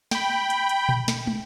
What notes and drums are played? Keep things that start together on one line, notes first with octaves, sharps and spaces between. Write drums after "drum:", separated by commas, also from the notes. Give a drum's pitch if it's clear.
G5 B5, drum: snare
drum: hi-hat
drum: hi-hat
drum: tom A#2
drum: snare
drum: tom